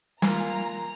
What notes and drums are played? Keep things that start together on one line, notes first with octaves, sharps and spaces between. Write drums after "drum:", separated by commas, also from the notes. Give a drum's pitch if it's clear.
A#3 F4 G#5 A#5, drum: snare